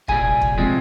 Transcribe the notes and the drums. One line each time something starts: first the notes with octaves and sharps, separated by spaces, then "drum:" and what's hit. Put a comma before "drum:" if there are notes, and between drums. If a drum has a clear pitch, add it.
C2 A#2 G3 G#4 G#5, drum: kick
drum: kick
C3 F3 G#3